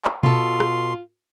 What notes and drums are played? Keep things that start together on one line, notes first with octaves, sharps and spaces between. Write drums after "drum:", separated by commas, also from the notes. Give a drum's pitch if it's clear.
drum: clap
B2 F4 A4 C6, drum: tom B2
drum: rim click